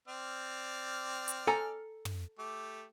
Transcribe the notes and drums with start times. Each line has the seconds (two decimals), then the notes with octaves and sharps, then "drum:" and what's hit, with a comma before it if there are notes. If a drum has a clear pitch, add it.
0.08 C4 D5 F6
1.28 drum: hi-hat
1.47 A4 G#5 A#5
2.05 drum: tom
2.38 A3 G4